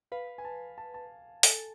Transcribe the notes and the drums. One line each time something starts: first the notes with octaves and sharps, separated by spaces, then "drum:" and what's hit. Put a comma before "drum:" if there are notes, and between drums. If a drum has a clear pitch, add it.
B4 F5
G#5
A5
A5
A5
A4 G#5, drum: open hi-hat